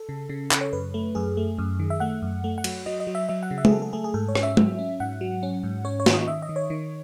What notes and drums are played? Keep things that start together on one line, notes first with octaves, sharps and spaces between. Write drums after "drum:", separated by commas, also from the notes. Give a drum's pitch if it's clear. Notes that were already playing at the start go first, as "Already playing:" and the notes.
Already playing: A4
C#3
C#3
C#3, drum: clap
C#5
F#2 B4
A3
F#2 G#4
A3
F#2
D#3
E5
A3 F#5
F#2
A3
F#5
F#3, drum: cymbal
F#3 D#5
D#5
F#3
E5
F#3 E5
F#5
C#3
E5
G#4, drum: tom
F#3 A4
A4
A3 G#4
G#4
G#2 A4
C#5
C#4, drum: rim click
E5
F#3, drum: tom
C#4
G#2 F#5
F#3
C#4
G#2
C#4 C#5
C#5
D#3, drum: snare
D#5
D#3 E5
D#5
D#3
C#5
D#3